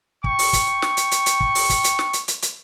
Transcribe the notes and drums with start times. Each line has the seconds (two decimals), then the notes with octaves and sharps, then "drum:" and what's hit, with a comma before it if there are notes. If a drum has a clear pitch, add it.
0.24 G5 C#6, drum: kick
0.39 drum: open hi-hat
0.53 drum: kick, hi-hat
0.82 drum: snare
0.97 drum: hi-hat
1.11 drum: hi-hat
1.26 drum: hi-hat
1.40 drum: kick
1.55 drum: open hi-hat
1.70 drum: kick, hi-hat
1.84 drum: hi-hat
1.99 drum: snare
2.13 drum: hi-hat
2.28 drum: hi-hat
2.42 drum: hi-hat